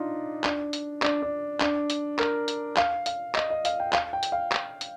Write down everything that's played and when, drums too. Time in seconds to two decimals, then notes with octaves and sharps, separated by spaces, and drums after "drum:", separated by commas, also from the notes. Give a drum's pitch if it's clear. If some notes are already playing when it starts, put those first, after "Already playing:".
Already playing: D4 D#4 F4
0.44 D4, drum: clap
0.73 drum: hi-hat
1.02 D4, drum: clap
1.22 D4
1.61 D4, drum: clap
1.90 drum: hi-hat
2.19 A#4, drum: clap
2.48 drum: hi-hat
2.77 F5, drum: clap
3.06 F5, drum: hi-hat
3.35 D#5, drum: clap
3.50 D#5
3.65 F5, drum: hi-hat
3.80 G5
3.93 F5, drum: clap
4.13 G5
4.23 drum: hi-hat
4.32 F5
4.52 drum: clap
4.81 drum: hi-hat